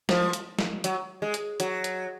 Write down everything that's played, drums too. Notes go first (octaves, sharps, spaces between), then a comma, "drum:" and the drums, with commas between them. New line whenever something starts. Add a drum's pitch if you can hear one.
F3, drum: snare
drum: hi-hat
drum: snare
F#3, drum: hi-hat
G#3
drum: hi-hat
F#3, drum: hi-hat
drum: hi-hat